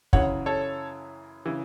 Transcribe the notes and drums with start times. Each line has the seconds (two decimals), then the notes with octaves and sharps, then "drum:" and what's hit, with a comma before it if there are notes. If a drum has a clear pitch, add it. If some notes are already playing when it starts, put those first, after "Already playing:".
0.13 F#2 C#3 E3 C#5 F#5, drum: kick
0.46 A4 C#5
1.46 C#3 E3